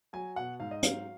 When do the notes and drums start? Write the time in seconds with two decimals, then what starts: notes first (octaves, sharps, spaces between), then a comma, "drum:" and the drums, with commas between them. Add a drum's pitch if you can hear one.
0.13 F#3 G#5
0.36 B2 F#5
0.60 G#2 F5
0.71 D#5
0.83 F#3 F5, drum: hi-hat